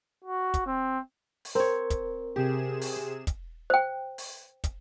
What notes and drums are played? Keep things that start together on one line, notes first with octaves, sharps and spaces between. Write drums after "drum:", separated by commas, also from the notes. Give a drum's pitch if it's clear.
F#4
drum: kick, hi-hat
C4
drum: open hi-hat
C4 A#4 C#5
drum: kick, hi-hat
C3 G4 G#4 E7
drum: open hi-hat
drum: kick, hi-hat
C5 G5
drum: open hi-hat
drum: kick, hi-hat